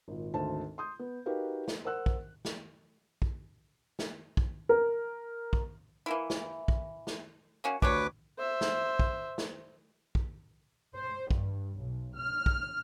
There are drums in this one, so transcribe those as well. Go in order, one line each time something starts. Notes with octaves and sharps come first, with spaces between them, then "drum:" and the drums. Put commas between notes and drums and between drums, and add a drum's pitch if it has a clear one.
G#1 A#2
G#1 D2 C5 A5
C6 D#6 G6
B3
D#4 F#4 G4 A#4 B4 F5
drum: snare
A#4 C5 F#5 E6 F#6
drum: kick
drum: snare
drum: kick
drum: snare
drum: kick
A#4
drum: kick
E3 A#3 E4
drum: snare
drum: kick
drum: snare
A#3 C#4 F#4
D2 G3 D4 B4 C#5 D6, drum: kick
C5 E5
drum: snare
drum: kick
drum: snare
drum: kick
C5
G2, drum: kick
B1
F6
drum: kick